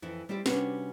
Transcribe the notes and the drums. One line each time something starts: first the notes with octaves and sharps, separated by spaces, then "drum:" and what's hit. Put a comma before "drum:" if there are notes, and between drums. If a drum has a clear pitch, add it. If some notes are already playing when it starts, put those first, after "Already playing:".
F2 E3 E4
G3 C4 E4 G4 D5
C3 G3 C#4 D4 F#4 B4, drum: snare